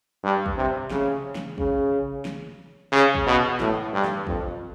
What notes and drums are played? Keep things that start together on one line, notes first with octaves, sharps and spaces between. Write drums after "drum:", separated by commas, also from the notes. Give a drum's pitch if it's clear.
G2
drum: kick
C3
C#3, drum: snare
drum: snare
C#3, drum: kick
drum: snare
C#3
drum: kick
B2
A2, drum: snare
G2
drum: snare
F2, drum: kick